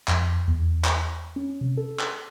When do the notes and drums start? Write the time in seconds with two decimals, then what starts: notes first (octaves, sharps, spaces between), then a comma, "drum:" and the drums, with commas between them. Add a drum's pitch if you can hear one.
0.08 F2, drum: clap
0.48 E2
0.85 drum: clap
1.36 C#4
1.61 C3
1.77 A4
2.00 drum: clap